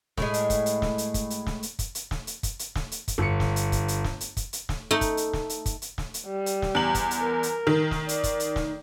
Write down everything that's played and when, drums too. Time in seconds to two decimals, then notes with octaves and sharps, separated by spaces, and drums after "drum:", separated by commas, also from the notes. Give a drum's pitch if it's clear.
0.18 A2 G#3, drum: snare
0.34 drum: hi-hat
0.50 drum: kick, hi-hat
0.66 drum: hi-hat
0.82 drum: snare
0.98 drum: hi-hat
1.14 drum: kick, hi-hat
1.30 drum: hi-hat
1.46 drum: snare
1.63 drum: hi-hat
1.79 drum: kick, hi-hat
1.95 drum: hi-hat
2.11 drum: snare
2.27 drum: hi-hat
2.43 drum: kick, hi-hat
2.59 drum: hi-hat
2.75 drum: snare
2.92 drum: hi-hat
3.08 drum: kick, hi-hat
3.18 G1 C#7
3.40 drum: snare
3.56 drum: hi-hat
3.72 drum: kick, hi-hat
3.88 drum: hi-hat
4.04 drum: snare
4.21 drum: hi-hat
4.37 drum: kick, hi-hat
4.53 drum: hi-hat
4.69 drum: snare
4.91 A3 D#4
5.01 drum: kick, hi-hat
5.17 drum: hi-hat
5.33 drum: snare
5.49 drum: hi-hat
5.66 drum: kick, hi-hat
5.82 drum: hi-hat
5.98 drum: snare
6.14 drum: hi-hat
6.25 G3
6.46 drum: hi-hat
6.62 drum: snare
6.75 E2 F#7
6.95 drum: kick, hi-hat
7.11 drum: hi-hat
7.22 A#4
7.43 drum: hi-hat
7.67 D#3
7.91 drum: snare
8.09 D5, drum: hi-hat
8.24 drum: kick, hi-hat
8.40 drum: hi-hat
8.56 drum: snare